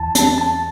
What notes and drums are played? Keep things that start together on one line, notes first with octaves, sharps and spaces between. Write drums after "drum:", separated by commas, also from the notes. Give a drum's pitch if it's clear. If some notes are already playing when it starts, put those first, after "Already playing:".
Already playing: E2 E3 A5
A5, drum: hi-hat
A5